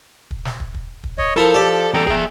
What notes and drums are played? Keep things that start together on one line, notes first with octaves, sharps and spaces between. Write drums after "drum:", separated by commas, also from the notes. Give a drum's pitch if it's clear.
drum: kick
drum: snare
drum: kick
drum: kick
drum: kick
C#5 D#5, drum: kick
F3 E4 A4 A#4 A5
G4 D5
E2 A4 G5 A#5
G#4 E5, drum: kick